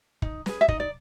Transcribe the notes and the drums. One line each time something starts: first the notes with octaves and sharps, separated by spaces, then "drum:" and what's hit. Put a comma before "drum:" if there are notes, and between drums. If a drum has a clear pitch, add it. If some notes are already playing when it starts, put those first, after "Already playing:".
D#4, drum: kick
G#4 B4, drum: snare
E5
D#4 D#5, drum: kick
D5